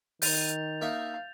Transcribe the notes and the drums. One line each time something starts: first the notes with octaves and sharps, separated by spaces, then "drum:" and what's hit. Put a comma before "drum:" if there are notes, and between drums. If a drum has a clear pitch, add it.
D#3 G6 A6 F7, drum: open hi-hat
A#3 D#4 E5 F5